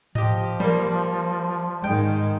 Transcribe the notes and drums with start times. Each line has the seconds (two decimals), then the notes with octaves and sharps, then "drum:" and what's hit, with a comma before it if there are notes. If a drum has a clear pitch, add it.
0.15 F3 G4 D#5, drum: tom G#2
0.60 G3 A#3, drum: tom E3
1.84 G#2 D#3 G#3 G5